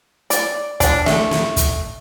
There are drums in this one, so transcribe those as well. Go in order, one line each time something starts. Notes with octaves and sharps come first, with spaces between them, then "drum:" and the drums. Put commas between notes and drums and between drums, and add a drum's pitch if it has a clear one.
D5, drum: hi-hat
D4, drum: kick, hi-hat
A3, drum: snare
drum: snare
drum: kick, hi-hat